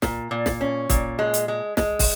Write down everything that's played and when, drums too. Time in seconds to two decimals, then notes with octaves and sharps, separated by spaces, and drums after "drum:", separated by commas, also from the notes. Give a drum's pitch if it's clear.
0.02 A#2, drum: snare
0.31 A#2
0.46 drum: snare
0.61 C#4
0.89 A#2, drum: kick, hi-hat
1.19 G#3
1.34 drum: hi-hat
1.48 G#3
1.77 G#3, drum: snare
1.99 drum: kick, open hi-hat